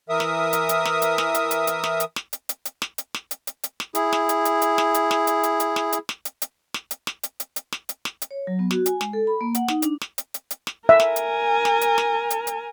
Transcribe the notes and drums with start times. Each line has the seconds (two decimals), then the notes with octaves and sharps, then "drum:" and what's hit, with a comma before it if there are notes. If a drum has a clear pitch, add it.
0.09 E3 A#4 E5 D#6
0.20 drum: snare
0.53 drum: hi-hat
0.69 drum: hi-hat
0.85 drum: snare
1.02 drum: hi-hat
1.18 drum: snare
1.35 drum: hi-hat
1.51 drum: hi-hat
1.67 drum: hi-hat
1.84 drum: snare
2.00 drum: hi-hat
2.16 drum: snare
2.33 drum: hi-hat
2.49 drum: hi-hat
2.65 drum: hi-hat
2.82 drum: snare
2.98 drum: hi-hat
3.14 drum: snare
3.31 drum: hi-hat
3.47 drum: hi-hat
3.64 drum: hi-hat
3.80 drum: snare
3.95 E4 G#4, drum: hi-hat
4.13 drum: snare
4.29 drum: hi-hat
4.45 drum: hi-hat
4.62 drum: hi-hat
4.78 drum: snare
4.94 drum: hi-hat
5.11 drum: snare
5.27 drum: hi-hat
5.43 drum: hi-hat
5.60 drum: hi-hat
5.76 drum: snare
5.93 drum: hi-hat
6.09 drum: snare
6.25 drum: hi-hat
6.42 drum: hi-hat
6.74 drum: snare
6.91 drum: hi-hat
7.07 drum: snare
7.23 drum: hi-hat
7.40 drum: hi-hat
7.56 drum: hi-hat
7.72 drum: snare
7.89 drum: hi-hat
8.05 drum: snare
8.22 drum: hi-hat
8.31 C#5
8.47 F#3
8.59 B3
8.71 F#4, drum: snare
8.86 G#5, drum: hi-hat
9.01 G#3, drum: snare
9.13 A4
9.27 B5
9.41 A#3
9.55 F#5, drum: hi-hat
9.68 D#4, drum: snare
9.82 D4, drum: hi-hat
10.01 drum: snare
10.18 drum: hi-hat
10.34 drum: hi-hat
10.51 drum: hi-hat
10.67 drum: snare
10.89 A#4 E5 G#5
11.00 drum: snare
11.16 drum: hi-hat
11.65 drum: snare
11.81 drum: hi-hat
11.98 drum: snare
12.30 drum: hi-hat
12.47 drum: hi-hat